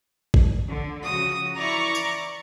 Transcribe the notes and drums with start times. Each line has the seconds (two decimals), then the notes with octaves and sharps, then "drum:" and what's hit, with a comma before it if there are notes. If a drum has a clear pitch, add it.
0.34 drum: kick
0.68 D3
1.03 C#3 F3 F#4 D#6
1.56 E3 E4 D5 A#5 C#6
1.95 drum: tambourine